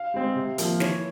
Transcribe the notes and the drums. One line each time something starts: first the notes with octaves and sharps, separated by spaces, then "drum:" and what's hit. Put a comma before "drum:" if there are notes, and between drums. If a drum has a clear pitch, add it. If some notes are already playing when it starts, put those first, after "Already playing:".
Already playing: F5
G#3 C4
C3
F3 A#3, drum: hi-hat
E3 C#5, drum: snare